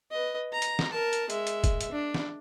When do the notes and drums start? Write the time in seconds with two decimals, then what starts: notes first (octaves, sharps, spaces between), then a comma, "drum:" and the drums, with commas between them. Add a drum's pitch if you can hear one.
0.11 B4 D#5
0.53 A#5
0.62 drum: hi-hat
0.79 drum: snare
0.93 A#4 A5
1.13 drum: hi-hat
1.30 G#3 E5, drum: hi-hat
1.47 drum: hi-hat
1.64 drum: kick, hi-hat
1.81 drum: hi-hat
1.92 D4
2.14 drum: snare